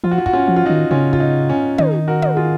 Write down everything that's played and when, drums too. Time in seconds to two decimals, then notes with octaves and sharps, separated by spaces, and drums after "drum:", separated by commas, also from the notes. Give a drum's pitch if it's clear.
0.04 F3 F4
0.11 F#4
0.18 F4
0.26 F#4, drum: kick
0.33 C#4 F4
0.47 F3 F#4
0.56 F4
0.66 D#3 D#4 F#4
0.91 C#3 C#4 F4
1.13 F4, drum: kick
1.20 D#4
1.49 C#4
1.78 D#3 D#4, drum: tom
2.08 F#4 A#4
2.22 drum: tom
2.37 F4 G#4